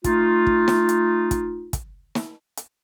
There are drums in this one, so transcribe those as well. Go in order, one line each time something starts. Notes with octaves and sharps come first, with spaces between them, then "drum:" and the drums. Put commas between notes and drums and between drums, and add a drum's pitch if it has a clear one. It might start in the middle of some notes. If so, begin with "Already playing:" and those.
A3 D#4 F4, drum: kick, hi-hat
drum: kick
drum: snare
drum: hi-hat
drum: kick, hi-hat
drum: kick, hi-hat
drum: snare
drum: hi-hat